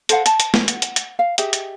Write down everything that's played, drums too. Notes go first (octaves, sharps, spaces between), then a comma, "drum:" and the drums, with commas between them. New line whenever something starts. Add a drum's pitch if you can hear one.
A4 C5 F5 F#5, drum: hi-hat
A5, drum: hi-hat
drum: hi-hat
drum: snare
F#5, drum: hi-hat
drum: hi-hat
drum: hi-hat
F5
G4 G#4 D#5 E5, drum: hi-hat
drum: hi-hat